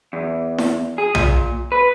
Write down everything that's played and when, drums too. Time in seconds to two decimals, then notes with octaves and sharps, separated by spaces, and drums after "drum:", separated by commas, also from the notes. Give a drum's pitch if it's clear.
0.13 E2
0.58 drum: snare E4
0.98 G#4
1.15 A#2, drum: tom B1
1.72 B4